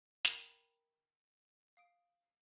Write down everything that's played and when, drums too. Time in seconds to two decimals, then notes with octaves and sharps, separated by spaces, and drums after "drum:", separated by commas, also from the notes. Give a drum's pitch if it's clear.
0.25 A#4 G5 A#5 B5, drum: snare
1.77 F5 D#6 D7